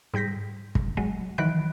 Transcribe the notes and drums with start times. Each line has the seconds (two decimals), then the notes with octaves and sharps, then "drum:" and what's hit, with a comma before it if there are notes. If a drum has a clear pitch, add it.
0.14 G#2 G3 G6 A#6 B6
0.75 drum: kick
0.97 F#3 G#3
1.38 D#3 E3 F#3 B5 F#6 D7